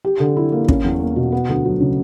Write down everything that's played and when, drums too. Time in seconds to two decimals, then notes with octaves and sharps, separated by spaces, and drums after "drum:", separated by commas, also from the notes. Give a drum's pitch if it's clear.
0.05 G4
0.20 D3
0.37 E4
0.52 A#3
0.69 C#4, drum: kick
0.84 E2
1.00 A#3
1.16 B2
1.32 B3
1.49 D2
1.65 F#3
1.80 C#3